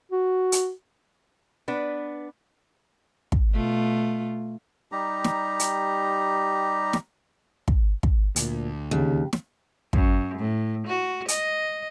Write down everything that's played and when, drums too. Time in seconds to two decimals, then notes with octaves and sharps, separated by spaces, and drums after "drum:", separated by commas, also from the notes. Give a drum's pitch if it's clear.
0.11 F#4
0.52 drum: hi-hat
1.68 B3 D4 B4
3.32 drum: kick
3.52 B2 A3 F4
4.92 G3 D#4 G4 A#5
5.24 drum: snare
5.60 drum: hi-hat
6.93 drum: snare
7.68 drum: kick
8.03 drum: kick
8.36 D2 A#2, drum: hi-hat
8.91 D#2 C#3
9.33 drum: snare
9.93 F#2, drum: kick
10.38 A2
10.87 F#4
11.28 D#5, drum: hi-hat